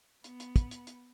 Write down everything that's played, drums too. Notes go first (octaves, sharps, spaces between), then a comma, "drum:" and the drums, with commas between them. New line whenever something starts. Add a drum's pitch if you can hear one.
B3, drum: hi-hat
drum: hi-hat
drum: kick, hi-hat
drum: hi-hat
drum: hi-hat